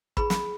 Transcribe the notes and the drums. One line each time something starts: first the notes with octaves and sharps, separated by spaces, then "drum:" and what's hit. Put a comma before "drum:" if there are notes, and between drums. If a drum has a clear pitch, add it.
E4 G#4 B4 B5, drum: kick
B5, drum: snare